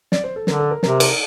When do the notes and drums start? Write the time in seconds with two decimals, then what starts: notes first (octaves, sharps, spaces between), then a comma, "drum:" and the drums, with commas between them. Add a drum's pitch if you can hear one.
0.12 D5, drum: snare
0.24 C5
0.36 A4
0.47 D3 A#4, drum: snare
0.59 A4
0.71 A#4
0.83 C3 A#4, drum: snare
1.00 A#4, drum: cymbal